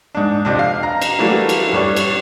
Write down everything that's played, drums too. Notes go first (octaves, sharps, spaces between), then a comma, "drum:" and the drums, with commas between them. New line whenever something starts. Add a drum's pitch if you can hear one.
G#2 D4
F2 C3 D4
F5
A#5
drum: cymbal
E3 F#3 G3 A3 A#3 E4
drum: cymbal
G2 G3 C#5
drum: cymbal